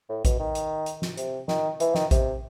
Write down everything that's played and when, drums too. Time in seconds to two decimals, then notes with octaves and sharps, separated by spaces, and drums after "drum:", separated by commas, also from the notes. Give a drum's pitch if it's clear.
0.09 A2
0.25 B2, drum: kick A1, hi-hat
0.39 D#3
0.55 drum: hi-hat
0.86 drum: hi-hat
1.02 drum: snare
1.18 C3, drum: hi-hat
1.48 D#3, drum: snare
1.80 E3, drum: hi-hat
1.95 D#3, drum: snare
2.11 C3, drum: kick A1, hi-hat